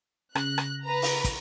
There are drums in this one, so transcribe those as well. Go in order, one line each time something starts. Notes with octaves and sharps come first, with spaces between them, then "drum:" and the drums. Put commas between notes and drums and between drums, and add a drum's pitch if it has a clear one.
C#3 F#6 A#6, drum: rim click
drum: rim click
B4 A#5
drum: open hi-hat
drum: kick, hi-hat